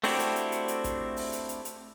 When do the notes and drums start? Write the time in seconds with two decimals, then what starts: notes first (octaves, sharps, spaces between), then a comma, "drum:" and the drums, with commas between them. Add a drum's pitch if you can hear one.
0.04 A3 C4 D4 E4 F#4 G4, drum: open hi-hat
0.20 drum: hi-hat
0.36 drum: hi-hat
0.52 drum: hi-hat
0.68 drum: hi-hat
0.84 drum: kick A1, hi-hat
1.17 drum: open hi-hat
1.33 drum: hi-hat
1.49 drum: hi-hat
1.65 drum: hi-hat